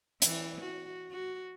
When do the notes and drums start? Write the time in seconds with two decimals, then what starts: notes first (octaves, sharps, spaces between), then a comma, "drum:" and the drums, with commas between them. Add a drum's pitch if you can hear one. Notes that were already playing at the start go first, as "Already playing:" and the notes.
0.22 E3, drum: hi-hat
0.61 F#4
1.11 F#4